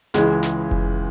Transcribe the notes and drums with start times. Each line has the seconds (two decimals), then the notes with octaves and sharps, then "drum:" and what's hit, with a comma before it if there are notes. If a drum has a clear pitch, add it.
0.14 C#2 C#3 E3 G#3, drum: snare
0.43 drum: snare
0.71 drum: kick F1